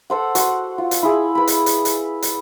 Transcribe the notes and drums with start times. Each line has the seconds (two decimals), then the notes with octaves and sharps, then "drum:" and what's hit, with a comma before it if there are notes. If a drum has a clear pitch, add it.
0.10 A4 C5 F#5
0.35 F#4 C5, drum: hi-hat
0.78 F4
0.91 drum: hi-hat
1.03 E4 G#4
1.35 B4 B5
1.47 drum: hi-hat
1.66 drum: hi-hat
1.85 drum: hi-hat
2.22 drum: hi-hat